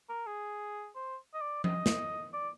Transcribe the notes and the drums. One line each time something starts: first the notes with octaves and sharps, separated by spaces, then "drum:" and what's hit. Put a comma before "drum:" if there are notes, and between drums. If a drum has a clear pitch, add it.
A#4
G#4
C5
D#5
D5
D#5, drum: tom F3
drum: snare
D5